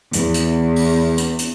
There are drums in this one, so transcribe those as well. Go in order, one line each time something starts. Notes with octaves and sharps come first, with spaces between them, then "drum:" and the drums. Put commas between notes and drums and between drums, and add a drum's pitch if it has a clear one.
E2, drum: hi-hat
drum: hi-hat
drum: open hi-hat
drum: hi-hat
drum: hi-hat